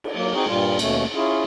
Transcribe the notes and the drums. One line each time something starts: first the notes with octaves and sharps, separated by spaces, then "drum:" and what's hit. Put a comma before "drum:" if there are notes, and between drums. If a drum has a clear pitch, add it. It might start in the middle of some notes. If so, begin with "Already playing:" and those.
drum: cymbal
F#3 A#3
C4 D#4 F#4 G#4
G2 A#2 G3 F4
D#2 B2 A3 C#4, drum: cymbal
C#4 E4 F4 G#4